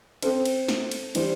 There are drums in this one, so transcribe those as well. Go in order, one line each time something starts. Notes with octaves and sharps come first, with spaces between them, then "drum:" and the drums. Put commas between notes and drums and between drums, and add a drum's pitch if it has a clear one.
C4 A4 C5, drum: cymbal
drum: cymbal
drum: snare
drum: cymbal
E3 G3 D4 C5, drum: cymbal